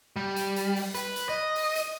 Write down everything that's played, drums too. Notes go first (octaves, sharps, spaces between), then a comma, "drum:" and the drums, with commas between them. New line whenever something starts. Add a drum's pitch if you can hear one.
G3
drum: hi-hat
drum: hi-hat
drum: open hi-hat
B4, drum: hi-hat
drum: hi-hat
D#5
drum: open hi-hat
drum: hi-hat